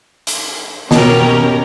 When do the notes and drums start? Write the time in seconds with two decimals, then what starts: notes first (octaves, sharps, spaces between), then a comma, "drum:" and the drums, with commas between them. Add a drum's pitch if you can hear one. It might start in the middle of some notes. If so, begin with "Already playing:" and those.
0.27 drum: hi-hat
0.91 B2 C#4 G4 A#4, drum: snare